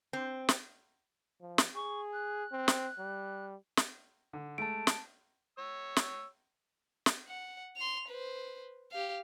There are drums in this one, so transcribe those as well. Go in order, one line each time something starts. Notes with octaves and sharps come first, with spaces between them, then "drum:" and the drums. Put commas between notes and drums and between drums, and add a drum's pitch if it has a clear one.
C4
drum: snare
F3
drum: snare
G#4 C#6
F#6
C4
drum: snare
G3
drum: snare
D3
G#3 A3 A5 D7
drum: snare
C#5 E6
drum: snare
drum: snare
F#5
C6 F7
B4 C5
G4 F5